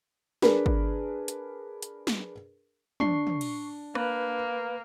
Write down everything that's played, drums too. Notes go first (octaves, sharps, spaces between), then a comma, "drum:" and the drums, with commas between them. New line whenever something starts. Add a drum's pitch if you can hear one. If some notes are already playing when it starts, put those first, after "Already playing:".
D4 G#4 A#4 B4, drum: snare
drum: kick
drum: hi-hat
drum: hi-hat
drum: snare
D4 C#6 C7, drum: tom
drum: tom
drum: cymbal
A#3 B4, drum: rim click